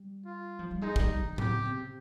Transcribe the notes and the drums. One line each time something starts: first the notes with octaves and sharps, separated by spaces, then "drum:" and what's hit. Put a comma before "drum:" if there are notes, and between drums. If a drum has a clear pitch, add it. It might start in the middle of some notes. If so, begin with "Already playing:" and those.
Already playing: G3
F4
F3
G3
G#3 D#4
G3, drum: kick
G3
C#3
D#3
C#3 G4, drum: tom A2
C3